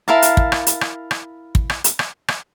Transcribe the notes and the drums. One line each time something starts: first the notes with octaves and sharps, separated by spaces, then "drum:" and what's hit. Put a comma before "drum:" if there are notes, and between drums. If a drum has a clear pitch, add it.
E4 A#4 F5 A5
drum: hi-hat
drum: kick
drum: rim click
drum: hi-hat
drum: rim click
drum: rim click
drum: kick
drum: rim click
drum: hi-hat
drum: rim click
drum: rim click